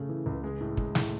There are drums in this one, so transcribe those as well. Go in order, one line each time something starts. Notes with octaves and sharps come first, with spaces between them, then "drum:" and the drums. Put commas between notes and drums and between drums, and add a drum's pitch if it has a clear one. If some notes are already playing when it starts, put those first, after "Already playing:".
Already playing: C#3 A3
E3
C#2
G#3
A2
G#3, drum: kick
A2, drum: snare